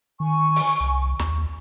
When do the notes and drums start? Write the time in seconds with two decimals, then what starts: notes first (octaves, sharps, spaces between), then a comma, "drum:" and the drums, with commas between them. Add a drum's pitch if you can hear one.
0.20 D#3 G#5 C#6
0.56 drum: open hi-hat
0.80 C2
1.19 D#2, drum: snare